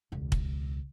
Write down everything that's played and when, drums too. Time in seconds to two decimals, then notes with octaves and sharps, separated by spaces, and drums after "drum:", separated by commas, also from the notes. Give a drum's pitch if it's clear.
0.12 E1 C#2
0.32 drum: kick